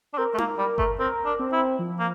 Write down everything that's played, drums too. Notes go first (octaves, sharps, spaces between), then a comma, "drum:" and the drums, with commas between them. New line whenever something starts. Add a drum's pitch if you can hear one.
D4
C4 A#4
A3
A#3, drum: tom D#4
G3
A3, drum: kick G1
C4 A#4
D4
C4
E4
F3
A#3